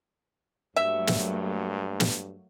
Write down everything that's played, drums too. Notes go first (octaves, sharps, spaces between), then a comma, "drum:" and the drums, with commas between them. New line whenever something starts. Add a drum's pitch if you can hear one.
G2 F#3 A3 A#3 E5
drum: snare
drum: snare